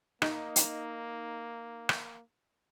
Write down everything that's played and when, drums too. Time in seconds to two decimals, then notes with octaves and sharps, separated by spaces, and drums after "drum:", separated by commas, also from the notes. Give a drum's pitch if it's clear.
0.22 A#3 D#4, drum: rim click
0.56 drum: hi-hat
1.89 drum: rim click